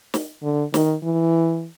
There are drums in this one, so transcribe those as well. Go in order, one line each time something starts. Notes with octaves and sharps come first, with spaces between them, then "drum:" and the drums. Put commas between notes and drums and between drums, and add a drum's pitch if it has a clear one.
drum: snare
D3
D#3, drum: snare
E3